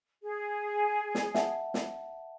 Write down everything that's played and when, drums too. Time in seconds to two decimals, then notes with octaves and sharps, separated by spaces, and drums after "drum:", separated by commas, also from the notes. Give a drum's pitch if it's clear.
0.23 G#4
1.15 drum: snare
1.34 E5 F#5 A5, drum: snare
1.74 drum: snare